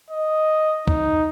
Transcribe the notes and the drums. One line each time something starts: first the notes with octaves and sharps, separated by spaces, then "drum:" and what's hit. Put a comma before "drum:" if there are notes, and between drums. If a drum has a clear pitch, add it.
D#5
D#4, drum: kick